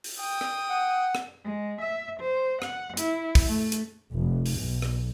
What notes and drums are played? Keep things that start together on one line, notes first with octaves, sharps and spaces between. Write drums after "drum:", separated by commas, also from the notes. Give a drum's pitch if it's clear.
drum: open hi-hat
G5 D#6
drum: rim click
F#5
drum: rim click
G#3
E5
C5
F#5, drum: rim click
E4, drum: hi-hat
drum: kick, open hi-hat
A3
drum: hi-hat
F1
drum: open hi-hat
B1
drum: rim click